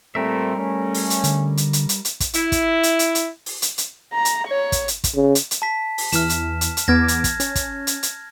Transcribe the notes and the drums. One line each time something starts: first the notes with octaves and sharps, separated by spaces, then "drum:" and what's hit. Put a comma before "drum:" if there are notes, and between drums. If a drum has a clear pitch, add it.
A#2 G3 A3 C4 A#4 E5
A3 C#4
drum: open hi-hat
drum: hi-hat
D3, drum: hi-hat
drum: hi-hat
drum: hi-hat
drum: hi-hat
drum: hi-hat
drum: kick, hi-hat
E4, drum: hi-hat
drum: kick, hi-hat
drum: hi-hat
drum: hi-hat
drum: hi-hat
drum: open hi-hat
drum: hi-hat
drum: hi-hat
A#5
drum: hi-hat
C#5
drum: kick, hi-hat
drum: hi-hat
drum: kick, hi-hat
C#3
drum: hi-hat
drum: hi-hat
A5 B6
drum: open hi-hat
E2 E3 F6 E7, drum: hi-hat
drum: hi-hat
drum: hi-hat
drum: hi-hat
E2 B3 D6 F6 G#6 A#6
drum: hi-hat
drum: kick, hi-hat
C#4, drum: hi-hat
drum: kick, hi-hat
drum: hi-hat
drum: hi-hat